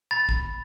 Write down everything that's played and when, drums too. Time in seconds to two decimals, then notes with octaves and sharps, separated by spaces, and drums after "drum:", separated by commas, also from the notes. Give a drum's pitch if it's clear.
0.11 B5 A6
0.29 drum: kick